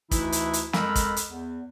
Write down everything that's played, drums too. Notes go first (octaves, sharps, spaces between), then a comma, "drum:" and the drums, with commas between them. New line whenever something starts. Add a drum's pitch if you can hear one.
D2 E3 D#4 E4, drum: kick, hi-hat
drum: hi-hat
drum: hi-hat
F2 G#3 A#4 B5 E6, drum: snare
drum: kick, hi-hat
drum: hi-hat
E2